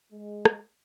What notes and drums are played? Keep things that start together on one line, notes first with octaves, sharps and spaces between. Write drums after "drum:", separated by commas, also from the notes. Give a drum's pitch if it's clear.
G#3
drum: rim click